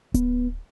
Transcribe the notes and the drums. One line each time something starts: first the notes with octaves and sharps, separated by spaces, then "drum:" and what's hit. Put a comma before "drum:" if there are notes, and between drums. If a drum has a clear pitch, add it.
B3, drum: kick D1, hi-hat